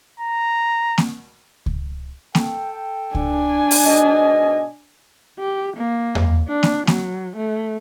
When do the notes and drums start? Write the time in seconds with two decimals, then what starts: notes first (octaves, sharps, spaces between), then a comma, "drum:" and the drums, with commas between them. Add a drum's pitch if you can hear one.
0.20 A#5
0.98 drum: snare A#3
1.66 drum: kick C#2
2.35 A4 G5, drum: snare A#3
3.15 D4 G#5, drum: kick C#2
3.71 drum: open hi-hat
3.84 G#2 B2 D#5
5.39 G4
5.77 A#3
6.15 drum: tom E2
6.48 D4
6.63 drum: snare A#3
6.87 F#3, drum: snare A#3
7.37 A3